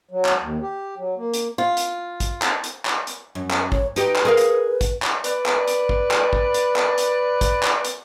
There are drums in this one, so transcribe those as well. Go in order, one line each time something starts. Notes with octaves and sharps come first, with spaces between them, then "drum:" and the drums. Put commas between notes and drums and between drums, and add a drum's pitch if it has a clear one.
F#3
drum: clap
D#2
G4
F#3
A#3
drum: hi-hat
F4
drum: hi-hat
drum: kick A1, hi-hat
drum: clap
drum: hi-hat
drum: clap
drum: hi-hat
F#2
drum: clap
C#5, drum: kick A1
D#4 G4 B4, drum: hi-hat
drum: clap
G#4 A#4 F5
drum: hi-hat
drum: kick A1, hi-hat
drum: clap
B4 D5, drum: hi-hat
drum: clap
drum: hi-hat
drum: kick A1
drum: clap
drum: kick A1
drum: hi-hat
drum: clap
drum: hi-hat
drum: kick A1, hi-hat
drum: clap
drum: hi-hat